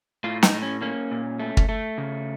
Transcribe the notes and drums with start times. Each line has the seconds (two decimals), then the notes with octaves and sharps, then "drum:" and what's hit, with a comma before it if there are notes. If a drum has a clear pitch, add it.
0.24 A2 F4
0.43 D#4, drum: snare
0.53 A2
0.62 C#4
0.81 A#3 C#4
1.11 A#2
1.40 A3
1.57 drum: kick
1.69 A3
1.98 C#3